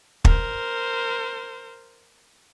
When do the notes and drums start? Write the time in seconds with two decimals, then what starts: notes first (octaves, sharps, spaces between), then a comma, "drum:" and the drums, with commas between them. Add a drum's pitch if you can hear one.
0.25 A#4 C5, drum: kick